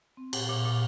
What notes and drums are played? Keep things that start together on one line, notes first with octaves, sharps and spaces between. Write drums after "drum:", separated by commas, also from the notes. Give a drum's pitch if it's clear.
C4
A#2, drum: cymbal
A#2
A#2